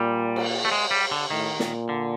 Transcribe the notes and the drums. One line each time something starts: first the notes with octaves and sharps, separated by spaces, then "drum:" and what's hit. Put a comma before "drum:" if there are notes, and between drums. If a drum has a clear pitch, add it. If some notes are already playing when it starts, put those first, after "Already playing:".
Already playing: A#2 G3
drum: cymbal
A3
G#3
G3
D3
A2 D#3
A#2, drum: snare
D3